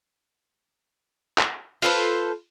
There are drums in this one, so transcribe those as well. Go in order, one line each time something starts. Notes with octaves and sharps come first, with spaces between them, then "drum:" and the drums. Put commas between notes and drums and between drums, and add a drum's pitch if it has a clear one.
drum: clap
F4 A4 B4 C5, drum: open hi-hat